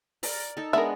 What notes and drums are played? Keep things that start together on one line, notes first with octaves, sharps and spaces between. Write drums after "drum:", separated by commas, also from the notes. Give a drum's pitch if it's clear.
A#4 D5, drum: open hi-hat
D#4 A4
G#3 B3 D4 A#4 E5